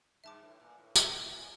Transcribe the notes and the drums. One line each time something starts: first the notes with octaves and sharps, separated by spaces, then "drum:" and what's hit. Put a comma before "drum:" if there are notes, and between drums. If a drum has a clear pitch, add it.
G2 E5 A5 D6
A2
A#2
A2
drum: tambourine
A2
A#2